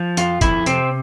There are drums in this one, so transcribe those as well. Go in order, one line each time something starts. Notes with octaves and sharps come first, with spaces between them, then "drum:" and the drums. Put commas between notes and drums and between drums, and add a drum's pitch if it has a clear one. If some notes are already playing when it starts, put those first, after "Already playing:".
Already playing: F3
F2 F4, drum: hi-hat
F2 E4, drum: kick, hi-hat
C3 C4, drum: hi-hat